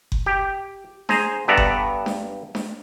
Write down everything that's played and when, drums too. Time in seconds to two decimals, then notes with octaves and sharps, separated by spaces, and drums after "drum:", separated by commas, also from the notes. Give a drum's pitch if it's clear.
0.12 drum: kick F#1
0.26 G4
1.09 G#4 C5 A#5, drum: snare D4
1.48 G2 B3 A4 D5 E5 A#5
1.57 drum: kick F#1
2.06 drum: snare D4
2.55 drum: snare D4